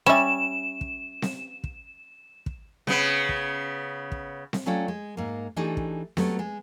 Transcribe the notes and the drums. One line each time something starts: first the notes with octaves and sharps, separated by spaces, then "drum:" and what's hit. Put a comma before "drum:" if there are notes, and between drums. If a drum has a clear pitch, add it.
G3 C#4 E5 B5 E7
drum: kick
drum: snare C4
drum: kick
drum: kick
C#3 B3, drum: snare C4
drum: kick
drum: kick
drum: snare C4
F#3 A3 C#4 F4 D5 G5
G#3
G#2 A#3
E3 A3 D4 D#4 G4 G#4
drum: kick
F#3 G3 A3 B3, drum: snare C4
G#3